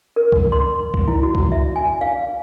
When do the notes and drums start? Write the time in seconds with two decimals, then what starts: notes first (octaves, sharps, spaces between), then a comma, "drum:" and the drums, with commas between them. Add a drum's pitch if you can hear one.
0.16 A#4
0.32 drum: kick C#2
0.52 C6
0.94 drum: kick C#2
1.08 E4
1.23 F#4
1.35 drum: kick C#2
1.52 E5
1.76 G#5
2.01 F5